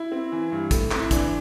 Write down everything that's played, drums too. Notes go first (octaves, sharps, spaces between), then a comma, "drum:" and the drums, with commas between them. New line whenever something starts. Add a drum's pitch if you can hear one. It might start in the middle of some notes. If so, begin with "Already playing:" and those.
Already playing: E4
C4
E3
G2
A3, drum: kick, hi-hat
C4, drum: clap
E4
E3 D4, drum: kick, hi-hat